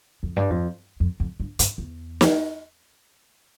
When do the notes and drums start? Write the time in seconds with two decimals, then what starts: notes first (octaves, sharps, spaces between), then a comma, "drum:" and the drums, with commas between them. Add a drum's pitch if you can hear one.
0.23 F2
0.36 G2
0.50 F2
1.00 F2
1.20 F2
1.40 G2
1.59 G2, drum: hi-hat
1.78 E2
2.21 drum: snare